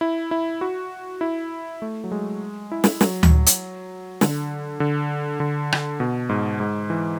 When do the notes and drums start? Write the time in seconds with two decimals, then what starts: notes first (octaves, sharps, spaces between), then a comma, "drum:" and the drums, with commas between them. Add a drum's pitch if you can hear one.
0.01 E4
0.31 E4
0.61 F#4
1.21 E4
1.82 A3
2.04 F#3
2.12 G#3
2.72 E4
2.84 drum: snare
3.01 F#3, drum: snare
3.23 drum: tom D2
3.46 drum: hi-hat
4.21 D3, drum: snare
4.80 D3
5.40 D3
5.72 drum: rim click
6.00 B2
6.29 G#2
6.60 G#2
6.90 E3